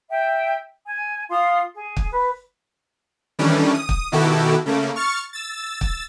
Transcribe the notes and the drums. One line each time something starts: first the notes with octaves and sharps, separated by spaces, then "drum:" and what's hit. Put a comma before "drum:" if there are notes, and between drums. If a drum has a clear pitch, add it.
E5 G5
G#5
F4 F5 C6 D#6
G#4
drum: kick
B4
D#3 E3 G3 A3 C#4 D4
D#6
drum: kick
B2 D#3 E4 F#4 G4 A4
C#3 A3 A#3
C#6 F6 A6 C#7
E6 A6
drum: kick